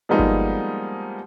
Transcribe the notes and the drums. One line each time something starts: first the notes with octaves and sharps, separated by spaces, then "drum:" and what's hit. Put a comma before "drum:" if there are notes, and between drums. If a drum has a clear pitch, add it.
F3 G3 G#3 A#3 B3 D#4
drum: kick G1